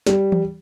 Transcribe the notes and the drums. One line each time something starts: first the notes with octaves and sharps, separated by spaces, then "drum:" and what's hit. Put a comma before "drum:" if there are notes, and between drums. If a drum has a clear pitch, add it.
G3, drum: snare
drum: tom E3